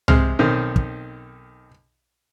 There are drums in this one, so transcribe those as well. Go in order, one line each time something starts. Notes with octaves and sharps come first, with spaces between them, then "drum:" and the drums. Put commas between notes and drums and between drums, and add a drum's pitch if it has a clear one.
C3 G#3 C5 F6, drum: tom C2
B1 D#3 C4
drum: kick